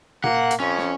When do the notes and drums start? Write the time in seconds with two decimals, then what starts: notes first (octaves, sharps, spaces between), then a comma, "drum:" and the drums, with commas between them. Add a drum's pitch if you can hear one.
0.24 A#3 F#5, drum: tom A#2
0.51 drum: hi-hat
0.60 F2 C#4
0.78 drum: snare